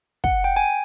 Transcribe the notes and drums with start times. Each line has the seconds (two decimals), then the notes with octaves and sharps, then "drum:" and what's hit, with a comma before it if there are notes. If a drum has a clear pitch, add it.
0.24 F#5, drum: kick
0.44 G5
0.57 G#5